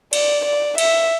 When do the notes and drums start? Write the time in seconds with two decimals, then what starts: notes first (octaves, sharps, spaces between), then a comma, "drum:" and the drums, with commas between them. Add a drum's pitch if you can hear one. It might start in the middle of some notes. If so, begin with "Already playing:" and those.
0.13 D5, drum: cymbal
0.45 D5
0.78 E5, drum: cymbal